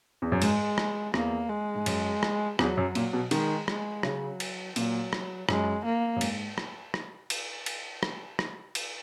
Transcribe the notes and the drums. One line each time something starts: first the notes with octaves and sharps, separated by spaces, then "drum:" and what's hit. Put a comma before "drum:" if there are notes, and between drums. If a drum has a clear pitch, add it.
E2
F#2
G#2 G#3, drum: cymbal
drum: rim click
E2 A#3, drum: rim click
G#3
G#2
F#2, drum: cymbal
drum: rim click
E2 F#3, drum: rim click
F#2
A#2, drum: cymbal
B2
D#3 G#3, drum: cymbal
G#3, drum: rim click
C#3 F#3, drum: rim click
drum: cymbal
A#2 F#3, drum: cymbal
drum: rim click
F#2 G#3, drum: rim click
A#3
F#2
G#2, drum: cymbal
drum: rim click
drum: rim click
drum: cymbal
drum: cymbal
drum: rim click
drum: rim click
drum: cymbal